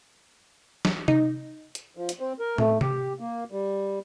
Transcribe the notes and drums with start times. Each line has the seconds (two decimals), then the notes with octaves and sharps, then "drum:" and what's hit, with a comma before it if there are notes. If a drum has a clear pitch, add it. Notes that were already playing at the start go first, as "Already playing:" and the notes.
0.85 drum: snare
1.08 D#4, drum: tom C3
1.75 drum: hi-hat
1.97 F3
2.09 drum: hi-hat
2.20 C4
2.40 A#4
2.58 A3, drum: tom
2.81 G4, drum: tom C3
3.20 A#3
3.52 G3